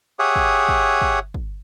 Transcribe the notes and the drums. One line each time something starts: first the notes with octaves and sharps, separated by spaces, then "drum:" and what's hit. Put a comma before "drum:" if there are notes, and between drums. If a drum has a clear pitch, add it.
G4 G#4 C#5 E5 F#5 D#6
drum: kick
drum: kick
drum: kick
drum: kick